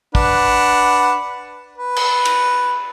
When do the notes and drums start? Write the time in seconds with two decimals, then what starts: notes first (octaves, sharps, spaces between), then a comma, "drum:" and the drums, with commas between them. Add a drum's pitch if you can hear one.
0.15 D4 B4 F#5, drum: kick
1.77 B4
1.96 drum: cymbal
2.25 drum: cymbal